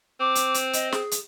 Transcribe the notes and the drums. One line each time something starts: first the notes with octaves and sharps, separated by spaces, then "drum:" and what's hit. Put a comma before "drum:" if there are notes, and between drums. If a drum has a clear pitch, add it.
C4 D6
drum: hi-hat
drum: hi-hat
D#5, drum: hi-hat
G#4, drum: snare
drum: hi-hat